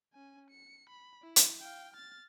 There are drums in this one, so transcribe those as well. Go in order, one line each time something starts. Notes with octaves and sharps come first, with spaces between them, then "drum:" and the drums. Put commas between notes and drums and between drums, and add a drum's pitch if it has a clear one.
C#4 G#5
C#7
B5
E4
drum: hi-hat
F5 G5
F6 A6